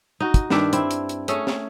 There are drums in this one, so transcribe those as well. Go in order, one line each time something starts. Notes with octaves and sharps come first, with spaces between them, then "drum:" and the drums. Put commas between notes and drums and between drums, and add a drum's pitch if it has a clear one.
D#4 F#4
drum: kick, hi-hat
G2 D#3 D4 E5, drum: snare
C4 E4, drum: hi-hat
drum: hi-hat
drum: hi-hat
A3 C#4 G#4 A4, drum: hi-hat
drum: snare